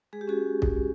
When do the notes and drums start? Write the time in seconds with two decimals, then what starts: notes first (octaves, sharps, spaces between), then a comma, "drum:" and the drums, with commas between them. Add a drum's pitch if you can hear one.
0.13 G#3 G#4
0.21 G4
0.27 C#4 F#4 G#4
0.62 drum: kick